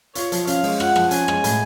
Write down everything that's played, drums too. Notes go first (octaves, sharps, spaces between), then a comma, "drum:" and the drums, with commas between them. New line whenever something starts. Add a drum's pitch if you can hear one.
F4 C#5, drum: hi-hat
F3, drum: hi-hat
C#4 F5, drum: hi-hat
G#3, drum: open hi-hat
F4 F#5, drum: rim click
F3, drum: rim click
C#4 G#5, drum: hi-hat
G#3, drum: rim click
A2, drum: hi-hat